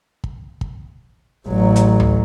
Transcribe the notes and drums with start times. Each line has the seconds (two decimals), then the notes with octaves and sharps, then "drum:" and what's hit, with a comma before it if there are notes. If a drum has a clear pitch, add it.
0.24 drum: kick
0.61 drum: kick
1.48 A1 F#3
1.76 drum: hi-hat
2.00 drum: tom D2